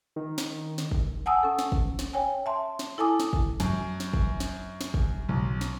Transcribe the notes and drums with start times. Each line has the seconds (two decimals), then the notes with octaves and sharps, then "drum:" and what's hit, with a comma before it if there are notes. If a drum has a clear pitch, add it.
0.16 D#3
0.38 drum: snare
0.78 drum: snare
0.91 drum: kick
1.26 F#5 G#5 A5 D#6 E6
1.43 C#4 A4
1.59 drum: snare
1.72 drum: kick
1.99 drum: snare
2.13 C#5 G5 G#5
2.46 E5 A5 C6
2.79 drum: snare
2.98 E4 A4 G#5 A5 D6 D#6
3.20 drum: snare
3.33 drum: kick
3.60 F#2, drum: snare
4.00 drum: snare
4.14 drum: kick
4.40 drum: snare
4.81 drum: snare
4.94 drum: kick
5.29 B1
5.61 drum: snare